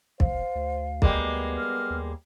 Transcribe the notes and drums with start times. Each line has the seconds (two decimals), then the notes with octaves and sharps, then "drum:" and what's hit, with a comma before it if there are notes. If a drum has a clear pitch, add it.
0.20 F1 C5 F5, drum: kick
0.55 D2
1.02 G3 G#3 A#3 B3, drum: kick
1.57 F6
1.90 D#2